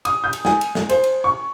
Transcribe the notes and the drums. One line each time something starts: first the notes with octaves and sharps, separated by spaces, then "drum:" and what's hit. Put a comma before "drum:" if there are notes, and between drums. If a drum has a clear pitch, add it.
D#6, drum: cymbal
G6
drum: cymbal
G#5, drum: snare
drum: cymbal
drum: snare
C5, drum: cymbal
drum: cymbal
C#6